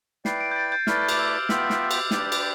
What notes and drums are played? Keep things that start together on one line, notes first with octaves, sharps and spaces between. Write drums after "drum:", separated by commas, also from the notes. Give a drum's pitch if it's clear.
E4 B4 D5 G5 C7, drum: snare
D7
G6
A6
G6
A3 E4 B4 D5 F6, drum: snare
D6, drum: cymbal
E6
B3 F4 B4 E5 G5 E6, drum: snare
drum: snare
drum: cymbal
D4 G4 B4 D5 G5, drum: snare
drum: cymbal